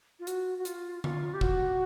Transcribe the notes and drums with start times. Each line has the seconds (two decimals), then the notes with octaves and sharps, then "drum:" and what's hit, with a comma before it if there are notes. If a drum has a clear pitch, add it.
0.20 F4
0.27 F#4, drum: hi-hat
0.58 F#4
0.65 F4, drum: hi-hat
1.04 F4, drum: tom D3
1.34 G4
1.41 F#4, drum: kick